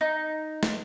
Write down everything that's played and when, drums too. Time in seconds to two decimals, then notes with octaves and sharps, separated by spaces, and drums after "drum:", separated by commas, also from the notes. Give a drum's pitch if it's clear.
0.01 D#4
0.63 drum: snare